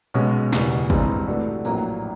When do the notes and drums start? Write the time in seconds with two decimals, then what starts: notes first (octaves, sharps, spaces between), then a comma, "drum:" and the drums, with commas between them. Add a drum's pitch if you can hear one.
0.14 B1 B2 G#3 C#4, drum: tambourine
0.52 F#1 E2 B2 G3, drum: snare
0.90 G2 E3 G#3 C4 D#4, drum: kick, tambourine
1.27 C3 E3 A3 D4 F#4
1.65 A#1 A2 F#3 A#3 D4, drum: tambourine